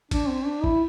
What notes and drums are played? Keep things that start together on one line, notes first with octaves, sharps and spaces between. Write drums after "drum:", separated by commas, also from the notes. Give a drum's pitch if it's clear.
D4, drum: kick, cymbal
C4
D4
E4, drum: kick